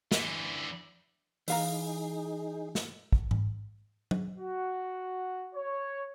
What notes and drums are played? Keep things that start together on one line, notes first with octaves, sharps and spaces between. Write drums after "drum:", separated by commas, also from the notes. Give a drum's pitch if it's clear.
D3 E3, drum: snare
E3 D#4 G#4 F5 A#5, drum: open hi-hat
drum: snare
drum: kick
drum: tom G#2
drum: tom F#3
F#4
C#5